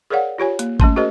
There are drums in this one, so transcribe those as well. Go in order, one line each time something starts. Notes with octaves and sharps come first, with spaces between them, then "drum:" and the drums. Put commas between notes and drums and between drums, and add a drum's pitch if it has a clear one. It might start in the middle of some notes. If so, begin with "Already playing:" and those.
G#4 A#4 C#5 D5 F5 F#5
F4 G4 C#5 G#5
A#3, drum: hi-hat
A3 C#4 A5 C6, drum: kick G#1
F#4 G#4 A#4 C5 D#5